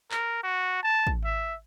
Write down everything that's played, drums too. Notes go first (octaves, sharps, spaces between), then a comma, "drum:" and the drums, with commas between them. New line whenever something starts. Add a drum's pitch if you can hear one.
A#4, drum: clap
F#4
A5
drum: kick
E5